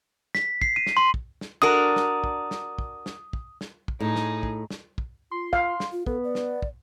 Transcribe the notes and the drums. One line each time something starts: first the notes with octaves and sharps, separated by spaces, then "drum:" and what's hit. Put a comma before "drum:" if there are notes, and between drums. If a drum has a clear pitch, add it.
B6, drum: snare
C7, drum: kick
D#7
drum: snare
C6
drum: kick
drum: snare
D4 F#4 A#4 D#6
drum: snare
drum: kick
drum: snare
drum: kick
drum: snare
drum: kick
drum: snare
drum: kick
A2 D#4 G#4
drum: snare
drum: kick
drum: snare
drum: kick
F4 C6
F5, drum: kick
drum: snare
F4
B3 A4, drum: kick
D5
drum: snare
drum: kick